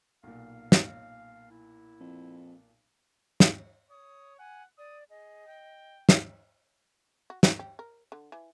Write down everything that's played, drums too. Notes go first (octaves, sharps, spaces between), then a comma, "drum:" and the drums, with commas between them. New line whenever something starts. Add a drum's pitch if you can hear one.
B1 A#2 F5
drum: snare
E4
F2
drum: snare
C#5 D#6
F#5 G#5
D5 D#6
G#4 D#5
G5
drum: snare
F#4
D#4, drum: snare
G4
A#4
D3
E3